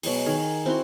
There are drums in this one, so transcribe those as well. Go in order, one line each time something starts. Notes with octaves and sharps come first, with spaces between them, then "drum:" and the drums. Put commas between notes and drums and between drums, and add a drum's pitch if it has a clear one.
B2 F#3 G#3 C#6, drum: open hi-hat
D#3 G#4 A#4
C4 E4 F#4 C6